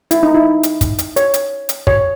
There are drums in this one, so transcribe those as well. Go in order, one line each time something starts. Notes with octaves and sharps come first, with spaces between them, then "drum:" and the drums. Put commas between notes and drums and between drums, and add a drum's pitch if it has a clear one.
E4, drum: hi-hat
D#4
E4
drum: hi-hat
drum: kick, hi-hat
drum: hi-hat
C#5, drum: hi-hat
drum: hi-hat
drum: hi-hat
C#5, drum: kick